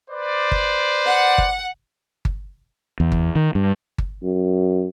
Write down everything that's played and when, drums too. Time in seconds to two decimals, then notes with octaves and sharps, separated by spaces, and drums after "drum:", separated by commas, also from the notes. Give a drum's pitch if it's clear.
0.10 B4 C5 D5
0.52 drum: kick G1
1.07 F#5
1.38 drum: kick G1
2.25 drum: kick G1
3.00 E2
3.12 drum: kick G1
3.35 D#3
3.55 G2
3.98 drum: kick G1
4.23 F#2